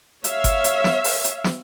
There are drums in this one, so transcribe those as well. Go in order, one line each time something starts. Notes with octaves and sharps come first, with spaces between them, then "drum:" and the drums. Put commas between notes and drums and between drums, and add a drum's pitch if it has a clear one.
C#5 E5 F5, drum: hi-hat
drum: kick G1, hi-hat
drum: hi-hat
drum: snare
drum: open hi-hat
drum: hi-hat
drum: snare